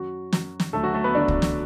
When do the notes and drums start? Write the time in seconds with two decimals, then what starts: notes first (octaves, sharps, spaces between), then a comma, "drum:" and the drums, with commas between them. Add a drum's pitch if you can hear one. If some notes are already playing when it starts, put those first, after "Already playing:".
Already playing: F#2 F#3 F#4
0.33 F#2 F#3, drum: snare
0.60 drum: snare
0.73 D2 D3 F#3 A3 A4
0.83 F#3 F#4
0.94 A3 A4
1.04 B3 B4
1.15 D2 D3 F#3 D4 D5
1.28 drum: kick
1.42 drum: snare